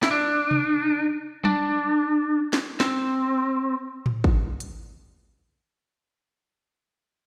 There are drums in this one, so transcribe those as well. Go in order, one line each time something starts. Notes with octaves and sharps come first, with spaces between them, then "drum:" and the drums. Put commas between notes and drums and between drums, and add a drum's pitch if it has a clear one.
E4, drum: snare
D4
drum: tom C3
D4, drum: tom
drum: snare
C4, drum: snare
drum: tom A2
drum: kick
drum: hi-hat